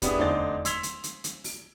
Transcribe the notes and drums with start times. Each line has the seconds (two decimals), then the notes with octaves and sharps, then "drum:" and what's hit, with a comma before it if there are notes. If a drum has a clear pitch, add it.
0.02 G3 B3 D4 E4 G#4, drum: kick, hi-hat
0.18 F1 D3 D#4 C5 D5 A6
0.65 C6 E6 G#6 B6 F7 G7, drum: hi-hat
0.83 drum: hi-hat
1.04 drum: hi-hat
1.24 drum: hi-hat
1.44 drum: open hi-hat